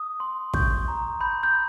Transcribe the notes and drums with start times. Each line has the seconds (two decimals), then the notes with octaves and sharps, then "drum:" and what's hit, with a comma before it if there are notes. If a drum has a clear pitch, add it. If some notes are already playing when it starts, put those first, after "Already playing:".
Already playing: D#6
0.20 C6
0.54 C#6 G6, drum: kick
0.88 A#5
1.21 B5 G6
1.43 G6